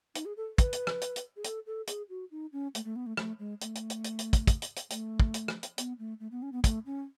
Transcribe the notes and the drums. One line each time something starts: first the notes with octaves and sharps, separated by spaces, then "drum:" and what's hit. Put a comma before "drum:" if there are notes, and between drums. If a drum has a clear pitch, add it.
D#4, drum: hi-hat
G#4
A4
B4, drum: kick, hi-hat
drum: hi-hat
drum: rim click
drum: hi-hat
drum: hi-hat
G#4
A4, drum: hi-hat
A4
G#4, drum: hi-hat
F#4
D#4
C#4
A3, drum: hi-hat
A3
B3
A3
A3, drum: rim click
G#3
A3, drum: hi-hat
drum: hi-hat
drum: hi-hat
drum: hi-hat
drum: hi-hat
drum: kick, hi-hat
drum: kick, hi-hat
drum: hi-hat
drum: hi-hat
A3, drum: hi-hat
drum: kick
drum: hi-hat
drum: rim click
drum: hi-hat
B3, drum: hi-hat
A3
A3
B3
C#4
B3
A3, drum: kick, hi-hat
C#4